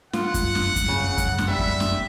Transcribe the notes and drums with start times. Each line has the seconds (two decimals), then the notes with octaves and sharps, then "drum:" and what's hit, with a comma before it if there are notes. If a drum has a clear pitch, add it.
0.13 F4 F#5, drum: snare
0.34 drum: kick F#2, hi-hat
0.55 drum: snare
0.76 drum: kick F#2, hi-hat
0.88 C#3
1.18 drum: kick F#2, hi-hat
1.38 drum: snare
1.48 G3 E5
1.59 drum: kick F#2
1.80 drum: snare